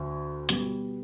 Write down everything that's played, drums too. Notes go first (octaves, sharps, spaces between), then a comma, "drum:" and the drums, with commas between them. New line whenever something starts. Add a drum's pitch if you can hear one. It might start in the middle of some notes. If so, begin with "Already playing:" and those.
Already playing: D2 D3
B2 G3 B3, drum: hi-hat